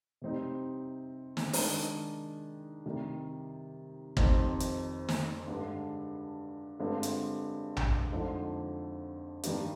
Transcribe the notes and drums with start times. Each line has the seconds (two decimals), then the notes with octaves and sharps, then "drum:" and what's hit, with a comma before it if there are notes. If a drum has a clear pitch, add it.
0.22 C3 G3 C4 D#4
1.37 drum: snare
1.53 D#3 G#3 D4, drum: open hi-hat
2.86 C3 D#3 G3
4.17 F2 D#3 G3 C4 D#4, drum: kick
4.60 drum: hi-hat
5.09 drum: snare
5.48 G2 D3 G#3 D4
6.80 G2 D3 G#3 C4 F4
7.03 drum: hi-hat
7.77 drum: tom A#1
8.12 F2 D3 F3 G#3 D#4
9.43 G2 D#3 G3, drum: hi-hat